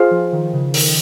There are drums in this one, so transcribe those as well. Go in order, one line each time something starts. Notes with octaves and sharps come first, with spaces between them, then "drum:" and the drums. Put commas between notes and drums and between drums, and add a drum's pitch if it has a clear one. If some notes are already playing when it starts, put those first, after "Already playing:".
Already playing: F4 G#4 C5 F5
F3
D#3
C#3
D#3, drum: open hi-hat